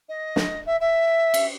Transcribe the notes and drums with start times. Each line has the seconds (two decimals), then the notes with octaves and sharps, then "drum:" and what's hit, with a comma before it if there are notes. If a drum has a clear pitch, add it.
0.09 D#5
0.36 drum: snare
0.66 E5
0.80 E5
1.34 drum: cymbal